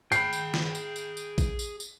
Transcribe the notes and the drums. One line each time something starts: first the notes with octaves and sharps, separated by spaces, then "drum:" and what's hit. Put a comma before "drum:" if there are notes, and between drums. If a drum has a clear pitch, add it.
G#4 G5 B5 C7, drum: tambourine
drum: tambourine
drum: snare
drum: tambourine
drum: tambourine
drum: tambourine
drum: kick A1, tambourine
drum: tambourine
drum: tambourine